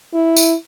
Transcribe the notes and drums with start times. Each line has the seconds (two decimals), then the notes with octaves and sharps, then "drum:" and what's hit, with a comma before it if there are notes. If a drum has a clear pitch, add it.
0.14 E4
0.37 drum: tambourine